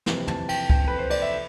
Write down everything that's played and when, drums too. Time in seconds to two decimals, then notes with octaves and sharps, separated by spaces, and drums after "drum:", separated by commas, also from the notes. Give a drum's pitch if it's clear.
0.06 F2 C3 E3, drum: snare
0.28 A5, drum: tom
0.49 G5, drum: cymbal
0.70 G5, drum: kick C#2
0.88 B4
0.99 C5
1.10 D5, drum: cymbal
1.22 E5